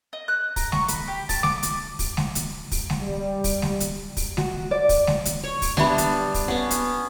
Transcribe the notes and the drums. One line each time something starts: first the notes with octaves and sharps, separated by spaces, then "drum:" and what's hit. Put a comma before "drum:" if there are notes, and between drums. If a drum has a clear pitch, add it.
D#5
F#6
A#5, drum: kick, open hi-hat
C#6, drum: snare G#3
B5, drum: hi-hat
G4
A5, drum: kick, open hi-hat
D6, drum: snare G#3
drum: hi-hat
drum: kick, open hi-hat
drum: snare G#3
drum: hi-hat
drum: kick, open hi-hat
drum: snare G#3
G3
drum: kick, open hi-hat
drum: snare G#3
drum: hi-hat
drum: kick, open hi-hat
F#4, drum: snare G#3
D5
drum: kick, open hi-hat
drum: snare G#3
drum: hi-hat
C#5
drum: kick, open hi-hat
G3 B3 D4 D5 E5 B5, drum: snare G#3
drum: hi-hat
drum: kick, open hi-hat
B3 C#4 F#5
drum: hi-hat